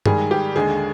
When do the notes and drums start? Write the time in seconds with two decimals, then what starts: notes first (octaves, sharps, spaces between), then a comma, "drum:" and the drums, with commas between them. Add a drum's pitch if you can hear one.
0.06 G#2 D#3 G3 G#4, drum: tom G2
0.31 G4
0.55 D#2 D3 G#3 G#4